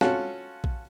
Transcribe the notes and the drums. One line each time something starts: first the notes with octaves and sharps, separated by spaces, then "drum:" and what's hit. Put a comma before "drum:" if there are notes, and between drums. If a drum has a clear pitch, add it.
C#4 F4 F#4 A4, drum: snare
drum: kick A#1